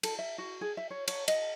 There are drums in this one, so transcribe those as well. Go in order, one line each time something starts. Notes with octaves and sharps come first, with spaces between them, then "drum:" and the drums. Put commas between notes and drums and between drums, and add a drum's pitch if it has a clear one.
A4, drum: cymbal
E5
F#4
G#4
E5
C#5
C#5, drum: cymbal
D#5, drum: cymbal